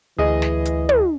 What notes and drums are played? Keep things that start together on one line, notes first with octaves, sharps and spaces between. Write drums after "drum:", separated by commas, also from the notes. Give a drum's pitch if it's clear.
D2 E3 G#4 D#5
drum: snare
drum: hi-hat
drum: tom